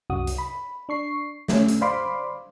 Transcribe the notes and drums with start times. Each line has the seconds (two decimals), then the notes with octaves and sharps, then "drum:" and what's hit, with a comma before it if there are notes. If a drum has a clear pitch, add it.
0.10 C2 F#2 F#4 D#6
0.27 drum: hi-hat
0.38 B5
0.89 D4 C#6 C7
1.48 A3 C#4, drum: snare
1.68 drum: hi-hat
1.81 C5 D5 F5 B5 C6 D6